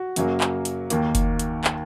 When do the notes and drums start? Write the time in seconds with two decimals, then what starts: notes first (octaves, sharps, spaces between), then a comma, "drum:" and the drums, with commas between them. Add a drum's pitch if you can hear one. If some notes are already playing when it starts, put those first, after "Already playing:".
Already playing: F#4
0.16 F#2 C#3 F#3 A#3, drum: hi-hat
0.41 drum: clap
0.65 drum: hi-hat
0.90 D#2 D#3 A#3, drum: hi-hat
1.15 drum: kick F#1, hi-hat
1.39 drum: hi-hat
1.64 drum: clap